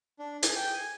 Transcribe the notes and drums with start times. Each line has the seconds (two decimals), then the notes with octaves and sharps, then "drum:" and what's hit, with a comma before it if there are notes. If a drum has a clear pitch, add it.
0.19 D4
0.43 G#4, drum: hi-hat
0.55 G5
0.73 G#5